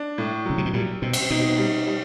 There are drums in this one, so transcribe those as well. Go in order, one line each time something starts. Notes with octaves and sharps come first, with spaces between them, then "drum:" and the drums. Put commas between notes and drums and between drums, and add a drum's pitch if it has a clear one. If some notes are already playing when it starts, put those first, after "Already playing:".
Already playing: D4
A2
C#3 F#3
C3
B2
A#2 G3
B2 C4
drum: cymbal
B2 D#4
G3
G3